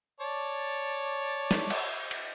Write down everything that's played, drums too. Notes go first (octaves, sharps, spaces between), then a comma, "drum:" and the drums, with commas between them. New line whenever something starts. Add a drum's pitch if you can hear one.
C#5 D5 A5
drum: snare
drum: cymbal
drum: cymbal